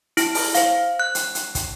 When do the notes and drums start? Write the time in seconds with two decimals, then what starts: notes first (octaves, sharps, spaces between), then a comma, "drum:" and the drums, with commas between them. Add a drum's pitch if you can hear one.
0.17 E4, drum: hi-hat
0.35 drum: open hi-hat
0.55 C5 F5, drum: hi-hat
1.00 F#6
1.15 drum: hi-hat
1.35 drum: hi-hat
1.55 drum: kick, hi-hat